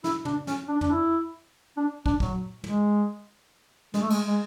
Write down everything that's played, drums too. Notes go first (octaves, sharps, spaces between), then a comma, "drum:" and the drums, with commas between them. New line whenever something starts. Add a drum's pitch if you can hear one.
E4, drum: snare
D4, drum: tom
C#4, drum: snare
D4
D4, drum: tom
E4
D4
D4, drum: kick
F#3, drum: kick
G#3, drum: tom
G#3, drum: snare
A3
G#3, drum: cymbal
G#3